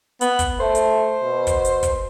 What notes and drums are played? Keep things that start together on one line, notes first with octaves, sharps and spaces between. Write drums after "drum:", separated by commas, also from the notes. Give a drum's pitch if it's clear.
B3, drum: hi-hat
drum: kick, hi-hat
A3 C5
drum: hi-hat
B2
drum: kick, hi-hat
drum: hi-hat
drum: kick, hi-hat